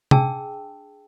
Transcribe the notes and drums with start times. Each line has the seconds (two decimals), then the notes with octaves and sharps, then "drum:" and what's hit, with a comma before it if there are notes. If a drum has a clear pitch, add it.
0.11 D4 G#4 G5 A5 E6, drum: tom C3